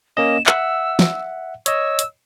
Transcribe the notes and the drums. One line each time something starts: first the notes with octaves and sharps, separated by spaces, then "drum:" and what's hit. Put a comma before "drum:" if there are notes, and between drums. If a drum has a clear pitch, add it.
A#3 C#4 D#5 E7
E5 F#5 E6, drum: clap
drum: snare
C#5 D#5 E6, drum: hi-hat
drum: hi-hat